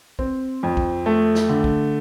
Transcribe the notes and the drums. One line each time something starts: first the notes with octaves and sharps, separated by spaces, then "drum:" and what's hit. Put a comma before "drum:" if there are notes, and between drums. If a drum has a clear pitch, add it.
C4, drum: kick
F2
drum: kick
A3
drum: snare
D3
drum: kick